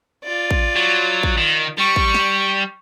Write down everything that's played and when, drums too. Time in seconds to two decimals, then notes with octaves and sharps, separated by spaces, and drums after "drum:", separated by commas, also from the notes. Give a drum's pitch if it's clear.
0.24 F4 D5
0.51 drum: kick
0.75 F#3
1.23 drum: kick
1.37 D#3
1.78 G3 C#6
1.96 drum: kick
2.14 drum: snare